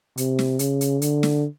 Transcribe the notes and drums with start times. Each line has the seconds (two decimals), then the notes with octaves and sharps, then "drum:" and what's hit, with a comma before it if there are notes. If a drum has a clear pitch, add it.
0.17 C3, drum: hi-hat
0.39 drum: snare
0.59 C#3, drum: hi-hat
0.81 drum: hi-hat
1.02 D3, drum: hi-hat
1.23 drum: snare